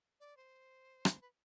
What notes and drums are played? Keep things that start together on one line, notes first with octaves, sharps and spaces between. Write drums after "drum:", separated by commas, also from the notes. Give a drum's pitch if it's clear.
D5
C5
drum: rim click
B4